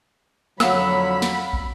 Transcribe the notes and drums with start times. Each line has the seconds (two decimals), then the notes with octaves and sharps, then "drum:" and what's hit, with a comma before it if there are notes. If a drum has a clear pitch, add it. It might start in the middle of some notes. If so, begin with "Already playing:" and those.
0.60 F2 D3 F#3 F5 F#5 B5 E6, drum: snare
1.22 drum: snare
1.53 drum: kick